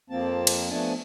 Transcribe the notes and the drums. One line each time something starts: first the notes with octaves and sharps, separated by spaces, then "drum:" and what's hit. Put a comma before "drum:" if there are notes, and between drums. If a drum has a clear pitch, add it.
F2 F3 A#3 C4 A5
drum: cymbal
F3 A3 B3 D4 G#5 A5